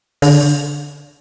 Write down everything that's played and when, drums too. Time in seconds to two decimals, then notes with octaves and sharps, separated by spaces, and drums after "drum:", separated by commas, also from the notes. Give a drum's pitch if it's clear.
0.22 D3, drum: open hi-hat